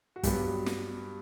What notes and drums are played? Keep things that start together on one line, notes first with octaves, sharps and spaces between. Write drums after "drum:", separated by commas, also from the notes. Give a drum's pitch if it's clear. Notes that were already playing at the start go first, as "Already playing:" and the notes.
F#4
G2 F#3 B3 G4, drum: kick, hi-hat
drum: snare